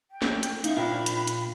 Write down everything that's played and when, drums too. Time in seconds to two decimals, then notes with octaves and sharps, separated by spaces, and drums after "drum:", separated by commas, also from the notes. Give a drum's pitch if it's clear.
0.11 G5
0.22 drum: snare
0.43 drum: hi-hat
0.64 D#4 E5 F5, drum: hi-hat
0.76 A#2 D4 F4 A#4 F5 G5 B5
1.06 drum: hi-hat
1.27 drum: hi-hat